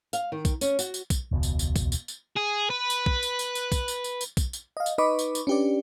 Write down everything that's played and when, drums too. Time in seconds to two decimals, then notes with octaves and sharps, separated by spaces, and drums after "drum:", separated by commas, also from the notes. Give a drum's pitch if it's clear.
0.13 F5, drum: tambourine
0.32 D#3
0.45 drum: kick B1, tambourine
0.61 C#4, drum: tambourine
0.79 F#4, drum: tambourine
0.94 drum: tambourine
1.10 drum: kick B1, tambourine
1.31 E1 C#2 B2
1.43 drum: tambourine
1.59 drum: tambourine
1.76 drum: kick B1, tambourine
1.92 drum: tambourine
2.08 drum: tambourine
2.36 G#4
2.70 B4
2.90 drum: tambourine
3.06 drum: kick B1
3.23 drum: tambourine
3.39 drum: tambourine
3.55 drum: tambourine
3.72 drum: kick B1, tambourine
3.88 drum: tambourine
4.04 drum: tambourine
4.21 drum: tambourine
4.37 drum: kick B1, tambourine
4.53 drum: tambourine
4.77 D#5 F5
4.86 drum: tambourine
4.98 D#4 B4 D#5 B5 C#6 D6
5.19 drum: tambourine
5.35 drum: tambourine
5.47 C#4 D4 G4 B4 D5